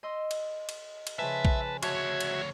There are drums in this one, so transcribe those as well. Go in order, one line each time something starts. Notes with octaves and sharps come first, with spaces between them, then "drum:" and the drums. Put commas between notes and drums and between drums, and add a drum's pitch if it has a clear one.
D#5 C6 E6
drum: cymbal
drum: cymbal
drum: cymbal
C#3 F3 B4 E5 G#5 A5
drum: kick A#1
D2 F#4 C#5 E5 A5 G#6, drum: cymbal
drum: cymbal